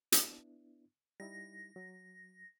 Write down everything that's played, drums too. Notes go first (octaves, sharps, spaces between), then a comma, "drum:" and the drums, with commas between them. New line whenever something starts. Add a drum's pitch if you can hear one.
B3 D4 E4, drum: hi-hat
G3 D#4 E4 A#6
F#3